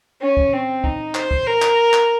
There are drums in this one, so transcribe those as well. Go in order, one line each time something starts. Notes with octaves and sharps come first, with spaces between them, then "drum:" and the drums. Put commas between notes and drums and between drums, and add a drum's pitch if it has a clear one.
C#4
drum: kick
C4
D#4, drum: kick
C5, drum: clap
drum: kick
A#4
drum: clap
drum: clap